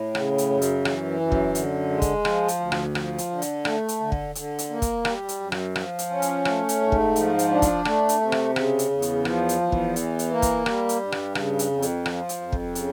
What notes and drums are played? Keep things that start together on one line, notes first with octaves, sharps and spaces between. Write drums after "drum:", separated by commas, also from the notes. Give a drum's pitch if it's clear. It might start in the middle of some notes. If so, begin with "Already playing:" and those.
Already playing: A2
C#3, drum: rim click
drum: hi-hat
F#2
drum: hi-hat
E3, drum: rim click
F#2
drum: kick
D3, drum: hi-hat
G#3
drum: kick, hi-hat
F3, drum: rim click
drum: hi-hat
D2
drum: rim click
F3, drum: rim click
drum: hi-hat
D3
drum: hi-hat
A3, drum: rim click
drum: hi-hat
D3
drum: kick
D3, drum: hi-hat
drum: hi-hat
A#3
drum: kick, hi-hat
G3, drum: rim click
drum: hi-hat
F#2
drum: rim click
F3, drum: rim click
drum: hi-hat
C#4
drum: hi-hat
A3, drum: rim click
drum: hi-hat
G#2
drum: kick
F3, drum: hi-hat
drum: hi-hat
D4
drum: kick, hi-hat
A3, drum: rim click
drum: hi-hat
C3
drum: rim click
C#3, drum: rim click
drum: hi-hat
E2
drum: hi-hat
F3, drum: rim click
drum: hi-hat
E2
drum: kick
E3, drum: hi-hat
drum: hi-hat
A#3
drum: kick, hi-hat
G3, drum: rim click
drum: hi-hat
G2
drum: rim click
C#3, drum: rim click
drum: hi-hat
F2
drum: hi-hat
F3, drum: rim click
drum: hi-hat
F2
drum: kick
C#3, drum: hi-hat